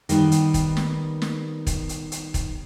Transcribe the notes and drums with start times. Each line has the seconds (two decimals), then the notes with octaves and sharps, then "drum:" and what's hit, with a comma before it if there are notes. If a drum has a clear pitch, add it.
0.09 D#3 G3 B3, drum: hi-hat
0.32 drum: hi-hat
0.54 drum: kick, hi-hat
0.77 drum: snare
1.22 drum: snare
1.67 drum: kick, hi-hat
1.89 drum: hi-hat
2.12 drum: hi-hat
2.34 drum: kick, hi-hat